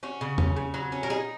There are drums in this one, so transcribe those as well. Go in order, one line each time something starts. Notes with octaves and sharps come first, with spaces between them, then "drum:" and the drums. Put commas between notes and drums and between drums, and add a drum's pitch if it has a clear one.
C#4 F#4
C#3
C#4, drum: tom E2
C#3
F#3
C#4
A#4
D#4 G#4